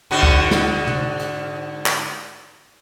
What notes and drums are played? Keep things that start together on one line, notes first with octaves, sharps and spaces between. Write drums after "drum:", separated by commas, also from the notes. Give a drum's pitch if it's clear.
G#2 D3 F#4
drum: kick C#2
drum: snare
drum: tom
drum: hi-hat
drum: clap